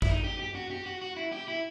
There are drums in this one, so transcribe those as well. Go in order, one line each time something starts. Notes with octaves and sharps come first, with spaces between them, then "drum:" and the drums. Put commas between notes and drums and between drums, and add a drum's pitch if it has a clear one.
E4, drum: kick G#1
D#4
G4
G4
F#4
G4
F#4
F#4
E4
G4
E4